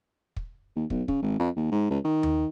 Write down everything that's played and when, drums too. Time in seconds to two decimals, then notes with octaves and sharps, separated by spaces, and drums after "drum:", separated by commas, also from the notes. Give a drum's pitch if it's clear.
0.36 drum: kick
0.76 D#2
0.90 B1, drum: kick
1.08 C#3, drum: kick
1.22 G#1
1.39 F2
1.56 D#2
1.72 G#2
1.91 C#2
2.04 D#3
2.23 drum: tom D#2